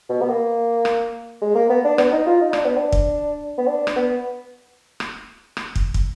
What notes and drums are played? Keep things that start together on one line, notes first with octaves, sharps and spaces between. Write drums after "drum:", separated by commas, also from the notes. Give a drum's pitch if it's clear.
B2
B3
A#3
drum: rim click
G#3
A#3
B3
D4
B3, drum: rim click
D#4
F4
D#4
D4, drum: rim click
B3
D4
drum: kick
B3
D4
drum: rim click
B3
drum: rim click
drum: rim click
drum: kick
drum: kick